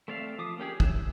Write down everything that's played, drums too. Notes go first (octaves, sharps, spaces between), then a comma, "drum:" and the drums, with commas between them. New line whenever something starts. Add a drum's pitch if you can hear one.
A3 C4 D5 E5 F5
F3 D6 D#6
A#3 C#4 G4 G#4
E5, drum: kick